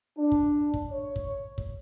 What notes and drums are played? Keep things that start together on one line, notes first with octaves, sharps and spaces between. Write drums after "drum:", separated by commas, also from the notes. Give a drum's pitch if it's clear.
D4
drum: kick
drum: kick
C#5
drum: kick
drum: kick